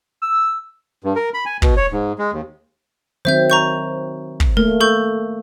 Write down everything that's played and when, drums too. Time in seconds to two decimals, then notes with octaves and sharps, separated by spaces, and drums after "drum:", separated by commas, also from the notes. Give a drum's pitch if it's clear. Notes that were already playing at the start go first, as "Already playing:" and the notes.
0.22 E6
1.04 G2
1.16 A#4
1.34 B5
1.46 G#5
1.62 B2, drum: kick
1.77 C#5
1.92 G#2
2.19 G#3
2.32 D#2
3.25 D#3 F#3 C4 C5 E5 G6
3.50 A#5 C#6 G6
4.40 drum: kick
4.57 A3 A#3 A#4
4.81 A4 C#6 G6